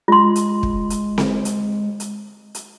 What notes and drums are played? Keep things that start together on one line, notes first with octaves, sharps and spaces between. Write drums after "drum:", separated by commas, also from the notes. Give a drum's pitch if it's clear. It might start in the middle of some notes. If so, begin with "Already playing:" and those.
G#3 F4 C6
drum: hi-hat
drum: kick
drum: hi-hat
drum: snare C4
drum: hi-hat
drum: hi-hat
drum: hi-hat